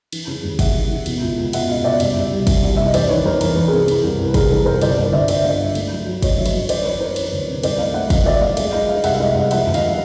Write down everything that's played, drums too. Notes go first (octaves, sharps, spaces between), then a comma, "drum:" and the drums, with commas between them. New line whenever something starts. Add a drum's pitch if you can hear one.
E3, drum: cymbal
C#3
D#2
D#2 E5 F#5, drum: kick, cymbal
E3
E3
B2, drum: cymbal
C#2
C#2
B2 E5 F#5, drum: cymbal
C#2 D#5 F5
B2 D5 E5
C2, drum: cymbal
C2
G3
C2, drum: kick, cymbal
C2
C2 E5
D#5
E2 C5 D5, drum: cymbal
D#3 B4 C#5
E2 A#4 C5
E2 A#4, drum: cymbal
E2 B4
C3 G#4 A#4
E3, drum: cymbal
C2
C2
B4
C2 G#4 A#4, drum: kick, cymbal
E3 A4 B4
C2 A#4 C5
G1 C5 D5, drum: cymbal
D3
D3 D5 E5
G1 D5 E5, drum: cymbal
G1 D#5 F5
G3
A3, drum: cymbal
F#3
F#3
A3 C#5 D#5, drum: kick, cymbal
F#3 E5
C#5 D#5, drum: cymbal
F#2
E3 C5 D5, drum: cymbal
E3 B4 C#5
E3 A#4 C5
E3 B4 C#5, drum: cymbal
D2
C3
C2 C5 D5, drum: cymbal
A3 D#5 F5
A3 E5 F#5
F#3 D#5 F5, drum: kick, cymbal
A#2 D5 E5
A3 D#5 F5
G#3, drum: cymbal
G#3 D#5 F5
G#3 D#5 F5
C2 E5 F#5, drum: cymbal
E5
G#3 D#5 F5
C2 D#5 F5
F3 E5 F#5, drum: cymbal
D#2
D#5 F5, drum: cymbal
F3